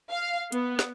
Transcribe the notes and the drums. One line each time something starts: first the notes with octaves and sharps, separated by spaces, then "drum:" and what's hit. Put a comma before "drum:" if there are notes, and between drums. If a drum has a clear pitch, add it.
F5
B3, drum: hi-hat
drum: snare